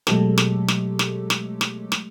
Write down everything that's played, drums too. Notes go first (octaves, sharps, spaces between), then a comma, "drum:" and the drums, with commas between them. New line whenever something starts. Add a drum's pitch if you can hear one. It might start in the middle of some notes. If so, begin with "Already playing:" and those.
B2 F#3 G#3 A3 G4 A4, drum: snare
drum: snare
drum: snare
drum: snare
drum: snare
drum: snare
drum: snare